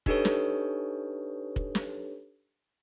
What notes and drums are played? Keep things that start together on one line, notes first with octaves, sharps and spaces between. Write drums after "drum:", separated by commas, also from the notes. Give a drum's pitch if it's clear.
D4 D#4 G4 A4 B4 C#5, drum: kick
drum: snare
drum: kick
drum: snare